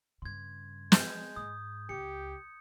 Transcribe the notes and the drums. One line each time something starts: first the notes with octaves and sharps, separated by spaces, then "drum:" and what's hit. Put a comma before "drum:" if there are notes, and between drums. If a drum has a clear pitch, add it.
G2 C#3 C6 G#6
G#3 G6, drum: snare
G#2 D#6
C#2 G4 C#7